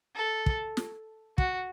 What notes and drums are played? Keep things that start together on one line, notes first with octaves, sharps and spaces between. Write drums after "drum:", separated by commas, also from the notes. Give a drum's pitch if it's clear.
A4
drum: kick
drum: snare
F#4, drum: kick